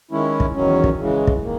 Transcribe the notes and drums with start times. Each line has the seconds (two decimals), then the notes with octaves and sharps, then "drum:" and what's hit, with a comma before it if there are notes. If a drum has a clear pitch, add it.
0.11 D#3 G#3 C#4 E4
0.40 drum: kick
0.54 E2 D#3 F#3 C#4
0.84 drum: kick
0.99 C#3 E3 G#3
1.27 drum: kick
1.42 D#3 A#3